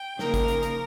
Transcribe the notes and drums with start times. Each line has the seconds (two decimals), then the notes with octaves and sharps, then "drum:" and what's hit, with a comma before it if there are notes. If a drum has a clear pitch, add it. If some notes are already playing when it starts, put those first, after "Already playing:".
Already playing: G5
0.19 C#3 F3 A#3 D#4 A#4, drum: snare
0.34 drum: kick, hi-hat
0.48 drum: hi-hat
0.63 drum: hi-hat